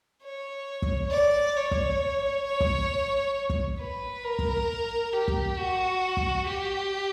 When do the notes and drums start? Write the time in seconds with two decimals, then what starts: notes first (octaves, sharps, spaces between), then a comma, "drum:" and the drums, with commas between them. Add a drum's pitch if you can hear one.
0.24 C#5
0.82 drum: kick
1.11 D5
1.57 C#5
1.71 drum: kick
2.46 C#5
2.60 drum: kick
3.50 drum: kick
3.80 B4
4.24 A#4
4.39 drum: kick
5.13 G4
5.28 drum: kick
5.58 F#4
6.17 drum: kick
6.47 G4